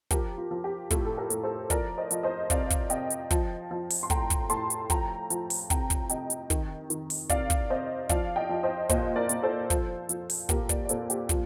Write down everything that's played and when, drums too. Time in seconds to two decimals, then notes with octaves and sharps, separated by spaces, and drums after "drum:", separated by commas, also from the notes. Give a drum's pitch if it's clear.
0.11 F3 G4 A#4, drum: kick, hi-hat
0.38 F4
0.51 F3
0.64 G4
0.91 A2 F4 A4, drum: kick, hi-hat
1.05 A4
1.17 G4 A#4
1.30 A2, drum: hi-hat
1.43 A4 C5
1.70 F3 A#4 D5, drum: kick, hi-hat
1.98 C5 D#5
2.11 F3, drum: hi-hat
2.23 C5 D#5
2.50 C3 D5 F5, drum: kick, hi-hat
2.71 drum: kick, hi-hat
2.90 C3 D#5 G5, drum: hi-hat
3.10 drum: hi-hat
3.31 F3, drum: kick, hi-hat
3.71 F3
3.90 drum: open hi-hat
4.03 C6
4.10 A2 G5 A#5, drum: kick, hi-hat
4.30 drum: kick, hi-hat
4.50 A2 A5 C6, drum: hi-hat
4.70 drum: hi-hat
4.90 F3 G5 A#5, drum: kick, hi-hat
5.30 F3, drum: hi-hat
5.50 drum: open hi-hat
5.70 C3 G5 A#5, drum: kick, hi-hat
5.90 drum: kick, hi-hat
6.10 C3 D#5 G5, drum: hi-hat
6.30 drum: hi-hat
6.50 D#3, drum: kick, hi-hat
6.90 D#3, drum: hi-hat
7.10 drum: open hi-hat
7.30 C3 D5 F5, drum: kick, hi-hat
7.50 drum: kick, hi-hat
7.70 C3 C5 D#5
8.09 F3 D5 F5, drum: kick, hi-hat
8.36 D#5 G5
8.49 F3
8.63 C5 D#5
8.90 A#2 C5 D#5, drum: kick, hi-hat
9.16 A#4 D5
9.29 A#2, drum: hi-hat
9.43 A4 C5
9.70 F3, drum: kick, hi-hat
10.09 F3, drum: hi-hat
10.30 drum: open hi-hat
10.49 A#2 G4 A#4, drum: kick, hi-hat
10.69 A#4 D5, drum: kick, hi-hat
10.85 D5
10.89 A#2 A4 C5, drum: hi-hat
11.10 G4, drum: hi-hat
11.29 F3 F4, drum: kick, hi-hat